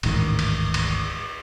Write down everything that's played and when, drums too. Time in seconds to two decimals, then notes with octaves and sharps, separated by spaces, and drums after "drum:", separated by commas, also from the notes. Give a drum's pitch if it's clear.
0.03 D1 A1 G#2 D#3, drum: cymbal
0.39 drum: cymbal
0.74 drum: cymbal